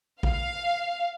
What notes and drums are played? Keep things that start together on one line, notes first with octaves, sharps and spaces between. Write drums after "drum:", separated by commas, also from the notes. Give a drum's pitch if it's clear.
F5, drum: kick A1